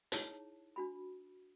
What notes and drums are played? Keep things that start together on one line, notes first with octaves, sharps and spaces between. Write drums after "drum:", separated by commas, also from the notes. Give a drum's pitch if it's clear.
D#4 E4 G#4 C#5 A5, drum: hi-hat
D4 F#4 B5